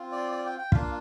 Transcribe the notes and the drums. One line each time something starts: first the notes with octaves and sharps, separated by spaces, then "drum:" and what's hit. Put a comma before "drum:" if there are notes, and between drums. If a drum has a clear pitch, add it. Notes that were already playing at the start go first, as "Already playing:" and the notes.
Already playing: C4 F4
D5
D5
G5
G5
A#3 D4 F4 F5, drum: kick